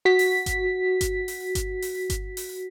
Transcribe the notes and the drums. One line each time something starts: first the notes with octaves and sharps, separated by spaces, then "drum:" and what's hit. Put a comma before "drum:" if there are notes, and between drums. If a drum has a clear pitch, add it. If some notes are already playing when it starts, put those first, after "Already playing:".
F#4 B6
drum: open hi-hat
drum: kick G1, hi-hat
drum: kick G1, hi-hat
drum: open hi-hat
drum: kick G1, hi-hat
drum: open hi-hat
drum: kick G1, hi-hat
drum: open hi-hat